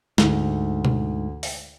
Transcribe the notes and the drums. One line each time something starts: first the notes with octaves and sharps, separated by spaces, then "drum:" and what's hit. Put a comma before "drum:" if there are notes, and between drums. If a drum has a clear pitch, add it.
D2 G#2, drum: snare
drum: tom B2
drum: open hi-hat